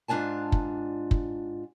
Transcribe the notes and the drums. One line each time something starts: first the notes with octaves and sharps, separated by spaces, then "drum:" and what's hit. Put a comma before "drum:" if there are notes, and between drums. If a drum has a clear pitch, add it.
G#2 D4 F4 G#5 A5
drum: kick
drum: kick